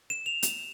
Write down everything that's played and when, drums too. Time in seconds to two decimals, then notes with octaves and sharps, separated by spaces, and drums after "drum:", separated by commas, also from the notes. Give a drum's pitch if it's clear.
0.10 E7
0.26 F7
0.43 drum: hi-hat